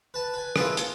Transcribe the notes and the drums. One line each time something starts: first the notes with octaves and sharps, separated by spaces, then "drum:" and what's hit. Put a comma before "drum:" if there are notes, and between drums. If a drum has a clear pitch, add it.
B4 A5
B4 G#5
E4 F4 G#4 B4 D#5 A5, drum: rim click
A#3, drum: hi-hat